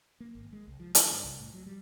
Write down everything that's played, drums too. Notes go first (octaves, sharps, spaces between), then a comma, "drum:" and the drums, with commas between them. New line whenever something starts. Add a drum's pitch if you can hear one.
A#3
G#1
G#3
C2
F3
D3, drum: hi-hat
G2
C2
A2
F#3
G3